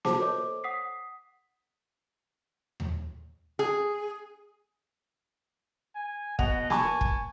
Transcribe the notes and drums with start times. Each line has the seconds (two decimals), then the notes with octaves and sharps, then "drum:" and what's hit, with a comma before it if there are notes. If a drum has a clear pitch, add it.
0.05 F4 F#4 G#4 C5 A5 D6, drum: snare A#3
0.20 A4 C5 C#5 D#5 D6
0.64 F#5 D#6 B6 C7
2.80 drum: tom D#2
3.59 G#4
5.95 G#5
6.39 B2 D#5 F#5 F7, drum: kick
6.70 G#5 A5 B5 C#6, drum: snare A#3
7.01 drum: kick